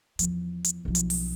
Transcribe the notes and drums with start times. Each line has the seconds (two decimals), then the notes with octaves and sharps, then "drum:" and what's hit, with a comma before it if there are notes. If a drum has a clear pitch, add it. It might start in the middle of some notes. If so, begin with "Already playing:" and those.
0.19 E2 F3, drum: hi-hat
0.64 drum: hi-hat
0.85 B1 F3
0.95 drum: hi-hat
1.10 drum: open hi-hat